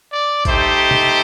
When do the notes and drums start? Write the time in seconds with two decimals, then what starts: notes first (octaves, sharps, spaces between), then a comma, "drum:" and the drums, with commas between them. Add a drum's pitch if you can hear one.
0.11 D5
0.45 A3 D#4 G4 C5, drum: kick G#1, hi-hat
0.91 drum: tom B2